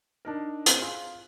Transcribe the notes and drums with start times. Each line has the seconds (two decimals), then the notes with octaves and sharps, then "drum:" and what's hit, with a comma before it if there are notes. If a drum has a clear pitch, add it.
0.25 D4 D#4 A#4
0.66 C4 F#6, drum: hi-hat
0.80 F4 G#4